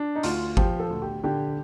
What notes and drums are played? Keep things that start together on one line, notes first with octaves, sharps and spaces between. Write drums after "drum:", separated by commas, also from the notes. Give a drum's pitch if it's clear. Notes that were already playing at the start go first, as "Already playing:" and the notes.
Already playing: D4
D#4
D2 F4, drum: hi-hat
F3 G4, drum: kick G#1
A4
D2
G4
D3 G4